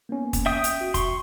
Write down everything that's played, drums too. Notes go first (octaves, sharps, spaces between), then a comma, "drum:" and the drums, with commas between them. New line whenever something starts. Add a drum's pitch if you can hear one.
A#3 B3 C#4
drum: kick, hi-hat
E5 G5 D#6
drum: hi-hat
F#4
C6 C#6, drum: kick, hi-hat